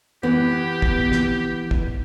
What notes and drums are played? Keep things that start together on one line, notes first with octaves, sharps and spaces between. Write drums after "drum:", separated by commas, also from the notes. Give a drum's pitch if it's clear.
E3 B3 G4
drum: kick
drum: snare
drum: kick